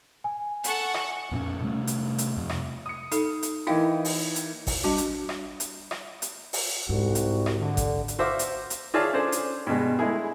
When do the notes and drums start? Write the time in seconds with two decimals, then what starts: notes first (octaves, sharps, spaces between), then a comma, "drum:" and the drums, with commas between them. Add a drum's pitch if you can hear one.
0.24 G#5
0.64 A4 F#5 C#6, drum: hi-hat
0.94 drum: rim click
1.31 F2 A#2 C#4
1.62 C3 G3 A3
1.87 drum: hi-hat
2.18 drum: hi-hat
2.37 F2 C3
2.49 drum: rim click
2.86 D#6 C#7
3.12 D#4 A4, drum: hi-hat
3.43 drum: hi-hat
3.67 E3 A#3 D#4 E4 F5 G5
4.05 drum: open hi-hat
4.36 drum: hi-hat
4.67 drum: kick, open hi-hat
4.84 G3 D4 F#4
4.98 drum: hi-hat
5.29 drum: rim click
5.60 drum: hi-hat
5.91 drum: rim click
6.22 drum: hi-hat
6.53 drum: open hi-hat
6.89 C2 G#2 F#4
7.15 drum: hi-hat
7.46 drum: rim click
7.60 D3
7.77 drum: kick, hi-hat
8.08 drum: hi-hat
8.19 F#4 C5 E5 F5 D6
8.39 drum: hi-hat
8.70 drum: hi-hat
8.94 F4 G#4 C#5 D5 E5 A5
9.13 C#4 D4 A4 C5
9.32 drum: hi-hat
9.67 G2 B2 G#3
9.99 G#3 A3 E4 G#4